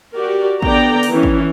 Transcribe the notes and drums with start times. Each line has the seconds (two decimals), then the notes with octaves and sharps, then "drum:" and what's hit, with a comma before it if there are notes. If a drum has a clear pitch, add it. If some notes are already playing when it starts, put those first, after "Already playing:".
0.14 F#4 G4 A#4 D5
0.62 D3 B3 D5 G5 A#5, drum: kick
1.03 drum: open hi-hat
1.12 E3 C#4
1.23 drum: kick